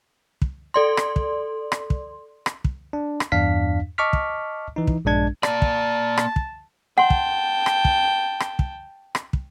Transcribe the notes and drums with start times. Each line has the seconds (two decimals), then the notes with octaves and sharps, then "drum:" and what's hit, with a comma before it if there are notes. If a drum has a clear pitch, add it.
0.42 drum: kick
0.74 A4 D5 C6
0.97 drum: rim click
1.16 drum: kick
1.72 drum: rim click
1.90 drum: kick
2.46 drum: rim click
2.65 drum: kick
2.93 D4
3.20 drum: rim click
3.32 E2 G2 D4 F5 B6
3.98 D#5 A5 C#6 D6 F6 B6
4.13 drum: kick
4.76 E3 D#4
4.87 drum: kick
5.05 A#1 G2 G#3 D4 G#6
5.43 A#3 D5 A5, drum: rim click
5.62 drum: kick
6.17 drum: rim click
6.36 drum: kick
6.98 F#5 G5 A5 C6
7.10 drum: kick
7.66 drum: rim click
7.85 drum: kick
8.40 drum: rim click
8.59 drum: kick
9.15 drum: rim click
9.33 drum: kick